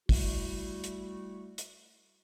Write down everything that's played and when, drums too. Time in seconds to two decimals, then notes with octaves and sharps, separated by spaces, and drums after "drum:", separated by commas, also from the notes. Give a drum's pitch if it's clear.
0.09 G3 A3 E4 F#4, drum: kick, open hi-hat
0.84 drum: hi-hat
1.58 drum: hi-hat